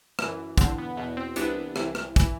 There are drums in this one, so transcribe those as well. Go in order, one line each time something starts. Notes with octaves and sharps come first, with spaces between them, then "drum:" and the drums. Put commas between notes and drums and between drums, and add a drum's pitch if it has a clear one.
F#2 E3, drum: rim click
E2 D3 C4, drum: kick, hi-hat
B3
E2 B2 B3
C4
C2 C3 E3 B3 D4, drum: hi-hat
C2 C3 E3, drum: rim click
drum: rim click
E3, drum: kick, hi-hat